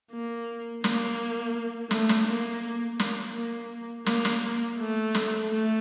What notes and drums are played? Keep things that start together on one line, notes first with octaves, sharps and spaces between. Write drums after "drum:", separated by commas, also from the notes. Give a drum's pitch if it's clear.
A#3
A#3, drum: snare
A3, drum: snare
drum: snare
A#3
A#3, drum: snare
A#3
A#3, drum: snare
drum: snare
A3
drum: snare
A3